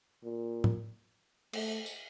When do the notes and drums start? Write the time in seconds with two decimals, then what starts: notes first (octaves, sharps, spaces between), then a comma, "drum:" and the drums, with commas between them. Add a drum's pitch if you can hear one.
0.24 A#2
0.64 drum: tom
1.53 A3, drum: cymbal
1.86 drum: tambourine